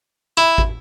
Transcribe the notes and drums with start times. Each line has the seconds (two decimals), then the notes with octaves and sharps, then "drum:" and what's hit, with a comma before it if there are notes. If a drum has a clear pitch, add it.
0.37 E4
0.58 drum: kick